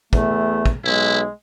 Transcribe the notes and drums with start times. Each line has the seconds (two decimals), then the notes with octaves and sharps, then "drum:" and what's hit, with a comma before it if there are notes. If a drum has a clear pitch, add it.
0.13 E2 A3, drum: kick
0.66 drum: kick
0.84 B1 G#3 E4